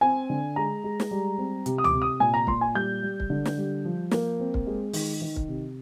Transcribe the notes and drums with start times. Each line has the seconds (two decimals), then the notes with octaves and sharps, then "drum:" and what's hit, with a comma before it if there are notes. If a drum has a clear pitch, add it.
0.01 C4 G#5
0.30 D3
0.56 G#3 A#5
0.84 G#3
1.00 drum: snare
1.11 G3
1.38 C4
1.66 C3, drum: hi-hat
1.78 D#6
1.84 D6, drum: tom D2
1.93 C3
2.02 D#6
2.20 A#2 G#5
2.34 A#5
2.47 A#2 C6, drum: kick
2.61 G#5
2.75 G3 G6
3.03 G3
3.20 drum: kick
3.30 D3
3.45 drum: snare
3.57 G3
3.85 F3
4.11 A#3, drum: snare
4.40 C4
4.54 drum: kick
4.67 G#3
4.93 D#3, drum: open hi-hat
5.21 D#3
5.36 drum: kick
5.49 C3